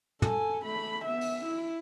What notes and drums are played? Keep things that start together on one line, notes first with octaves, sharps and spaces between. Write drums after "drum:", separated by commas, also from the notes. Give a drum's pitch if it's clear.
A4 G#5, drum: tom
A3 B5
B3 E5
drum: open hi-hat
E4